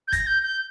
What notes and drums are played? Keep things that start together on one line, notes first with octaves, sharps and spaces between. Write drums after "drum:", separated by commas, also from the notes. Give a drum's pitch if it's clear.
G6
A#6, drum: kick F#1, hi-hat
G6
G6